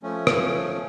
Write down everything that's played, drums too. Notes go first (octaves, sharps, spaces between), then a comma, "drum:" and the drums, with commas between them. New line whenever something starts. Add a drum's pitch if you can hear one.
F3 A3 C#4
drum: rim click